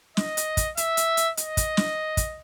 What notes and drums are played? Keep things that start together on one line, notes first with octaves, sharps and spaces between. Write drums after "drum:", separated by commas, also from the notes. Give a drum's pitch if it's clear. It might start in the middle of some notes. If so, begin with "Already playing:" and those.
D#5, drum: snare
drum: hi-hat
drum: kick, hi-hat
E5, drum: hi-hat
drum: hi-hat
drum: hi-hat
D#5, drum: hi-hat
drum: kick, hi-hat
drum: snare
drum: kick, hi-hat